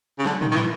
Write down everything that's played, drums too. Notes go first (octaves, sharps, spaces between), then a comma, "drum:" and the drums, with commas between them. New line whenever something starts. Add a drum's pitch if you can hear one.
C#3
D3, drum: snare
D#3, drum: tom
D#3
E3, drum: snare